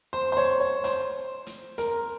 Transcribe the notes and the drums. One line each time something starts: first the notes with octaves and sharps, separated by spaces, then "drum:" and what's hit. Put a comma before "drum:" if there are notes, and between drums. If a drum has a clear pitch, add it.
C5
C5
C#5
C#5
C5, drum: hi-hat
drum: hi-hat
A#4, drum: hi-hat